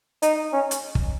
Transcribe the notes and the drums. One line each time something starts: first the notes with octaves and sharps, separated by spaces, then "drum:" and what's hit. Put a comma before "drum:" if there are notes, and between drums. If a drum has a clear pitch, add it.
D#4, drum: hi-hat
C#4
drum: hi-hat
drum: kick